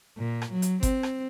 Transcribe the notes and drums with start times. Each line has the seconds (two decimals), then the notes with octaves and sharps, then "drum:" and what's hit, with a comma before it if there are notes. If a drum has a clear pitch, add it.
0.18 A#2
0.42 drum: rim click
0.52 F#3
0.62 drum: hi-hat
0.83 C4, drum: kick G1, hi-hat
1.03 drum: rim click